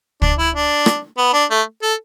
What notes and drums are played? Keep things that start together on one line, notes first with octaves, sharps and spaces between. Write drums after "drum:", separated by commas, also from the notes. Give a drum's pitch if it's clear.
D4, drum: kick
E4
D4
drum: rim click
B3
D4
A3
A4